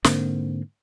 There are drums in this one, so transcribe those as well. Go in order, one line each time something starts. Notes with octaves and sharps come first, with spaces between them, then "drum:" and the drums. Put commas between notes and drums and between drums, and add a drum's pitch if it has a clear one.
G#2 D3 A#3 C4, drum: snare